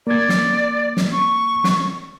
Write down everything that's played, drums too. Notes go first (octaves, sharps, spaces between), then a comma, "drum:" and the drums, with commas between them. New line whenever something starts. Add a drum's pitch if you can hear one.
A#3 D5 G#6
drum: snare
drum: snare
C#6
drum: snare